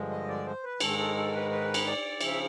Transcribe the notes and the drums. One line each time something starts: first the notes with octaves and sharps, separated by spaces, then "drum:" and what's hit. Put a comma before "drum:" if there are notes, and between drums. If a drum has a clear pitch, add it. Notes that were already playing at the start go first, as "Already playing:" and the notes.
Already playing: G2 D3 F3 G#3
D#5
D5
C5
B4
G#2 D#3 G#3 A4, drum: cymbal
A4
A4
B4
B4
drum: cymbal
D5
C#3 F3 E5, drum: cymbal